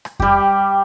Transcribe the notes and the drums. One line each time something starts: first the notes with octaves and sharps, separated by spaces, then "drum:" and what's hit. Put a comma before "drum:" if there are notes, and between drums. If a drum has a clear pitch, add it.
drum: rim click
G3 G4, drum: kick F2